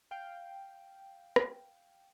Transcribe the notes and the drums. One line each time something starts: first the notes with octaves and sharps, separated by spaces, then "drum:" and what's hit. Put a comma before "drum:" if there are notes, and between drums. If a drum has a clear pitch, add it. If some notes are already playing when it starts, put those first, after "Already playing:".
F5 G5
drum: rim click